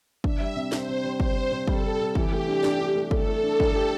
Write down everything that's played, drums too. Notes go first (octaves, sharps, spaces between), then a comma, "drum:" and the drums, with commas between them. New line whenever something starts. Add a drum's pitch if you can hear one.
D4 E5, drum: kick
G3
C3
C3 C5, drum: snare
C3
G3
G3 C5, drum: kick
C3
C3
G3 A4, drum: kick
C3
C3
E3 G4, drum: kick
A3
D4
D4, drum: snare
D4
A3
A3 A4, drum: kick
A3
D4
D4, drum: kick
G4